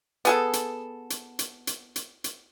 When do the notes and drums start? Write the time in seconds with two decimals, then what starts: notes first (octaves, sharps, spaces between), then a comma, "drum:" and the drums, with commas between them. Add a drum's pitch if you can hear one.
0.25 B3 G#4 A4, drum: hi-hat
0.53 drum: hi-hat
1.10 drum: hi-hat
1.39 drum: hi-hat
1.67 drum: hi-hat
1.96 drum: hi-hat
2.24 drum: hi-hat